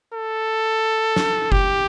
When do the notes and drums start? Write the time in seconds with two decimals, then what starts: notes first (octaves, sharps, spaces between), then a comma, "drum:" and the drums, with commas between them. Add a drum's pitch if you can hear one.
0.13 A4
1.16 drum: snare
1.52 G4, drum: kick F#1